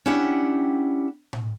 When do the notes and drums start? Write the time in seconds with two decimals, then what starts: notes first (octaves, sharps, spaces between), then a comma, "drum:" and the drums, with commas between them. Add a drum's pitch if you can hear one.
0.06 C#4 D4 E4 G4 F#5 G5
1.33 drum: tom A2